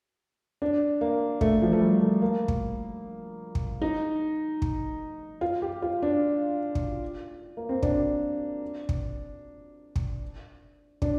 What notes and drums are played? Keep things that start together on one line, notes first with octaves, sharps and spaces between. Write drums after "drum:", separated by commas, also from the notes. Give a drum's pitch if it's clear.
D4
A#3
A3, drum: kick
F3
A3
G3
A3
A#3
drum: kick
drum: kick
D#4
drum: kick
F4
G4
F4
D4
drum: kick
A#3
C4
D4, drum: kick
drum: kick
drum: kick
D4, drum: kick